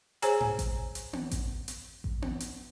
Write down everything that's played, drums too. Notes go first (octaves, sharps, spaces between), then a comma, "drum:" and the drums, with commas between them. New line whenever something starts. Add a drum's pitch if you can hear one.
G#4 C5 C#5 G#5 A#5, drum: hi-hat
drum: tom G#2
drum: kick A1, hi-hat
drum: hi-hat
drum: tom B3
drum: kick A1, hi-hat
drum: hi-hat
drum: kick A1
drum: tom B3
drum: hi-hat